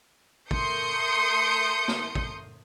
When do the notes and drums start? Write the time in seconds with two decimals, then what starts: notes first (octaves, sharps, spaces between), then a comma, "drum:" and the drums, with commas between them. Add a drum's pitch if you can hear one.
0.51 A3 A#4 C6 D#6 G6 C#7, drum: kick
1.88 drum: snare
2.15 drum: kick